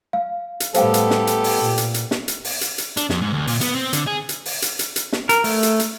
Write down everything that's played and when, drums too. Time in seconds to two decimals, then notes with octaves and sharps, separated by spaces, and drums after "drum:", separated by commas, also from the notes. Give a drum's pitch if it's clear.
0.13 F5
0.60 drum: hi-hat
0.74 A2 G3 B3 G4 A4 C5 F5 G5, drum: hi-hat
0.94 drum: hi-hat
1.11 drum: snare
1.27 drum: hi-hat
1.44 drum: open hi-hat
1.57 A#2
1.78 drum: hi-hat
1.94 drum: hi-hat
2.11 drum: snare
2.28 drum: hi-hat
2.45 drum: open hi-hat
2.61 drum: hi-hat
2.78 drum: hi-hat
2.97 D4, drum: hi-hat
3.10 F2, drum: snare
3.22 G#2
3.33 D2
3.47 A#2, drum: open hi-hat
3.61 B3, drum: hi-hat
3.75 C4
3.93 D3, drum: hi-hat
4.07 G#4
4.29 drum: hi-hat
4.46 drum: open hi-hat
4.62 drum: hi-hat
4.79 drum: hi-hat
4.96 drum: hi-hat
5.13 drum: snare
5.29 A#4, drum: hi-hat
5.44 A3, drum: open hi-hat
5.63 drum: hi-hat
5.80 drum: hi-hat